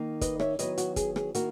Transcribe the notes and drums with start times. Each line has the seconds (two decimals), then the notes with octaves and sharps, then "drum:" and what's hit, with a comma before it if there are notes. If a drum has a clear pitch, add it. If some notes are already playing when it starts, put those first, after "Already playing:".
Already playing: D#3 A#3 D#4
0.21 B4 D#5, drum: kick, hi-hat
0.40 C#5 E5, drum: rim click
0.59 D#3 F#3 B3 E4 B4 D#5, drum: hi-hat
0.78 F#4, drum: hi-hat
0.96 G#4, drum: kick, hi-hat
1.16 G#4, drum: rim click
1.34 D#3 A#3 E4 F#4 A#4, drum: hi-hat